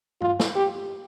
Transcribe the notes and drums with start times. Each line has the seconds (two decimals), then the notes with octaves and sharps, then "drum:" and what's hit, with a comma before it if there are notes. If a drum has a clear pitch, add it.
0.21 F4, drum: tom
0.40 drum: snare
0.55 G4